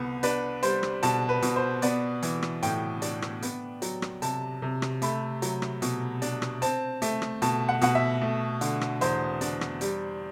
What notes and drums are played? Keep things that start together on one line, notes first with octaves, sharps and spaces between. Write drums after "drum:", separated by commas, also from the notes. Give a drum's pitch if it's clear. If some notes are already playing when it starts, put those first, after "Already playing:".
Already playing: C2 B3
D4 B4, drum: hi-hat
G3 C5, drum: hi-hat
drum: rim click
B2 A5, drum: hi-hat
B4
B2, drum: hi-hat
C5
B3 D5, drum: hi-hat
E3, drum: hi-hat
drum: rim click
A2 G5, drum: hi-hat
D4, drum: hi-hat
drum: rim click
B3, drum: hi-hat
F#3, drum: hi-hat
drum: rim click
C3 A5, drum: hi-hat
C3
drum: rim click
A3 B5, drum: hi-hat
F#3, drum: hi-hat
drum: rim click
B2, drum: hi-hat
D4, drum: hi-hat
drum: rim click
C4 A5, drum: hi-hat
A3, drum: hi-hat
drum: rim click
B2 A5, drum: hi-hat
F#5
B2 F#5, drum: hi-hat
E5
A3
D3, drum: hi-hat
drum: rim click
E2 C5, drum: hi-hat
D4, drum: hi-hat
drum: rim click
G3, drum: hi-hat